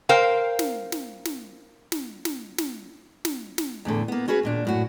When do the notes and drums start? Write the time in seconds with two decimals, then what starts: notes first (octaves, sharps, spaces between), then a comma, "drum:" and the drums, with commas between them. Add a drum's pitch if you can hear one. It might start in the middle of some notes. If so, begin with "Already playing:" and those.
0.09 A#4 C5 F5 G5
0.59 drum: snare
0.92 drum: snare
1.25 drum: snare
1.92 drum: snare
2.25 drum: snare
2.58 drum: snare
3.25 drum: snare
3.58 drum: snare
3.85 E2 A2 D3
4.08 A#3 B3
4.28 C#4 F#4 G#4 B4
4.43 D#2 A#2 D4
4.65 F#2 A2 F#4